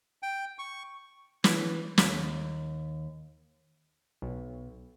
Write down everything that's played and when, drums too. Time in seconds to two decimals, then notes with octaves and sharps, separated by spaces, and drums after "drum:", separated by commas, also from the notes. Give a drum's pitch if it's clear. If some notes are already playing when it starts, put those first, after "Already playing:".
0.23 G5
0.59 C#6
1.44 E3, drum: snare
1.98 D#2, drum: snare
4.22 B1